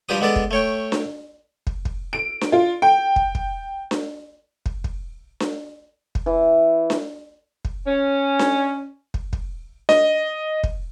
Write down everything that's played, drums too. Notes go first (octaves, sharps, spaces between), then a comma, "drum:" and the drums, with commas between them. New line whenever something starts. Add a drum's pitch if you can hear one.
F3 G3 D4 G4 B4 D#6
G#3 B3 D4 A4 B4 D5
drum: kick
A3 C#5 G5
drum: snare D4
drum: kick
drum: kick
D7
drum: snare D4
F4
G5
drum: kick
drum: kick
drum: snare D4
drum: kick
drum: kick
drum: snare D4
drum: kick
E3
drum: snare D4
drum: kick
C#4
drum: snare D4
drum: kick
drum: kick
D#5, drum: snare D4
drum: kick